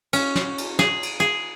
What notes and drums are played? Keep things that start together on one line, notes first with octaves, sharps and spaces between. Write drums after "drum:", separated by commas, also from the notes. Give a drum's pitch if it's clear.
C#4, drum: cymbal
drum: snare
drum: cymbal
G#4, drum: snare
drum: cymbal
G#4